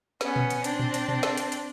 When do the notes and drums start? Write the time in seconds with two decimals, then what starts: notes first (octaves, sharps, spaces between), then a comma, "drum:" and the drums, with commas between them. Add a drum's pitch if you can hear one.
0.21 B3 C#4, drum: snare
0.36 drum: tom A#2
0.50 drum: hi-hat
0.64 C4 D4, drum: hi-hat
0.79 drum: tom A#2
0.94 drum: hi-hat
1.08 drum: tom B2
1.23 drum: snare
1.37 drum: hi-hat
1.52 drum: hi-hat